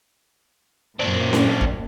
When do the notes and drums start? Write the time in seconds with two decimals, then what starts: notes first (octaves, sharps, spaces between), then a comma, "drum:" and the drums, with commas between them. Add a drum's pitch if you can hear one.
0.99 F#2 A#2 C4 D4
1.33 drum: snare C#4
1.61 drum: kick